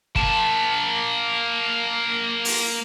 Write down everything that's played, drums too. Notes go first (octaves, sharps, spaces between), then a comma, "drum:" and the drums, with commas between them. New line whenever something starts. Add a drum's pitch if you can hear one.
A#3 A5, drum: kick G1
drum: open hi-hat